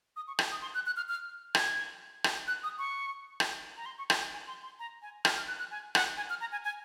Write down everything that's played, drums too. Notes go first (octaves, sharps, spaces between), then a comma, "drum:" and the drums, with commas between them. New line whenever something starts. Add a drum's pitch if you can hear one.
D#6
C#6
C6, drum: rim click
D#6
C6
F#6
F#6
F6
F6
G#6, drum: rim click
drum: rim click
F#6
D#6
C#6
drum: rim click
A#5
C6
C#6
C6, drum: rim click
G#5
G#5
C6
C6
A#5
G#5
F6, drum: rim click
F6
F#6
F#6
G#5
F#5, drum: rim click
G#5
F6
A#5
G#5
G#5